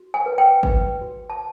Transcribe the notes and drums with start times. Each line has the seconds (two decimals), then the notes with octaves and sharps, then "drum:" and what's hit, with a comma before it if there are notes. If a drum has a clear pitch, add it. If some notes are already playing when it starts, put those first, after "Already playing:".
Already playing: F#4
0.14 G#5
0.26 B4
0.38 G5
0.63 B4, drum: kick G#1
1.01 F#4
1.30 A5